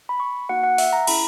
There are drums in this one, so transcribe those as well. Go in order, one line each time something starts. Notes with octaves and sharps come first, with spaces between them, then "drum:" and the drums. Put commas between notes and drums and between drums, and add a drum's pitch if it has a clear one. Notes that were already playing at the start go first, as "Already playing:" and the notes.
B5
C#6
A#3 D#4 F#4 F#5
F#5
E5, drum: open hi-hat
A#5
C#4 E4 G#4 B5, drum: cymbal